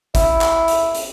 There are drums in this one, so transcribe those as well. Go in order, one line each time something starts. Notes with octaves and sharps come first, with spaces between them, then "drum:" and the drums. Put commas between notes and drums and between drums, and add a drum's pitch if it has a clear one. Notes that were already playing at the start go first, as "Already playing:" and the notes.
E4, drum: kick G1, hi-hat
drum: clap
drum: hi-hat
drum: hi-hat